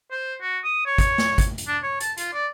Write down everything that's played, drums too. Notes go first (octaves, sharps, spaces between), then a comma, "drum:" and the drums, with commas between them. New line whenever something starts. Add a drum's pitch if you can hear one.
C5
F#4
D#6
C#5
drum: kick, hi-hat
drum: snare
drum: kick, hi-hat
drum: hi-hat
D4
C#5
A5, drum: hi-hat
F4, drum: hi-hat
D5